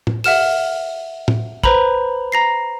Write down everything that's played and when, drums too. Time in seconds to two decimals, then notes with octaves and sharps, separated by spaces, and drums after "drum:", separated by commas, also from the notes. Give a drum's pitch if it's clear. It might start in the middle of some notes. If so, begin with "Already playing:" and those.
0.07 drum: tom
0.24 E5 F#5 F6 E7, drum: open hi-hat
1.28 drum: tom
1.64 B4 C5 A#5 B5, drum: kick
2.32 A#5 A#6 C7